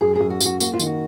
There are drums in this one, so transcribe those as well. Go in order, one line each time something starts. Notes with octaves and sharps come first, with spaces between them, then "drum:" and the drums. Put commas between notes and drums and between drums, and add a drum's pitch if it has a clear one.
F#2 G#4
F#2 G#4
F#4
F#2, drum: tambourine
F#4
A#3 F#4, drum: tambourine
F4
D#3, drum: tambourine
F#4